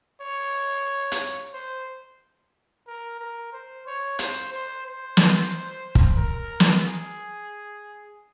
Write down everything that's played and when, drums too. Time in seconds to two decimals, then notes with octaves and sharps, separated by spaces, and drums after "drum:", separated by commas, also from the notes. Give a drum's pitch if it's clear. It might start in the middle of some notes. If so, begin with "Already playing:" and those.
0.22 C#5
1.12 drum: hi-hat
1.53 C5
2.87 A#4
3.20 A#4
3.53 C5
3.87 C#5
4.19 C5, drum: hi-hat
4.53 C5
4.86 C5
5.17 drum: snare
5.95 drum: kick
6.18 A#4
6.60 drum: snare
6.85 G#4